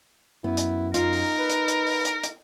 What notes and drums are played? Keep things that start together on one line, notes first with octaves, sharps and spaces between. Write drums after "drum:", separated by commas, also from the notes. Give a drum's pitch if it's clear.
F#2 B3 E4
drum: hi-hat
D#4 F4 A#4, drum: hi-hat
drum: open hi-hat
B4
drum: hi-hat
drum: hi-hat
drum: open hi-hat
drum: hi-hat
drum: hi-hat